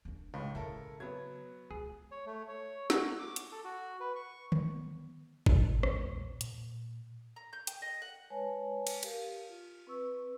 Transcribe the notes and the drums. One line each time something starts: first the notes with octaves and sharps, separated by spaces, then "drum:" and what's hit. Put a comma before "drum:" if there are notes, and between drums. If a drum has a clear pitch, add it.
A#3 D4
C#2 A2
C#3 E4 A4 A#4
F#3 B3 G#6
C#2 G#4
C#5
A3
C#5
F#4, drum: snare
D6
drum: hi-hat
A4
F#4
B4
C#6
drum: tom
B3
drum: kick G#1
A#1 E2 A#2 G#3, drum: rim click
A#2, drum: hi-hat
A#5
G6
G5, drum: hi-hat
D#5
F#5
G#3 B4 C#5 G#5 A5
drum: cymbal
G4 A#4 F5, drum: cymbal
F4
C4 B4 C#6 E6